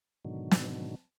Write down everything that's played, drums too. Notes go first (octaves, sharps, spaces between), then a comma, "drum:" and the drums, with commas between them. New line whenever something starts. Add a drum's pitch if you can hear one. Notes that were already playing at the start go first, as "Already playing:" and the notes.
G#2 B2 D3 D#3 F#3
drum: snare